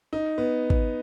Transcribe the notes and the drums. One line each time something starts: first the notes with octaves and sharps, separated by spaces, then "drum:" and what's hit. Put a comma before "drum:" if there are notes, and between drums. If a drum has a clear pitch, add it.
D#4
B3
drum: kick